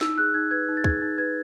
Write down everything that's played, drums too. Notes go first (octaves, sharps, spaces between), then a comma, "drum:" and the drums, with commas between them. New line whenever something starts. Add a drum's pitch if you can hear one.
D#4 E6, drum: snare
G#4 F#6
D#4 G#6
B4 G#6
D#4
A6
G#4 G#6, drum: kick
D#4 A6
B4 G#6